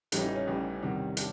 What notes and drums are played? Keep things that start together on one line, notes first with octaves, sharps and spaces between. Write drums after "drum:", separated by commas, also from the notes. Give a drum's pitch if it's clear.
A1 A2 E3 G3 D#4, drum: hi-hat
D#4
C#4
A1 A2 E3 G3
E2 C3 D#3 G3
D4, drum: hi-hat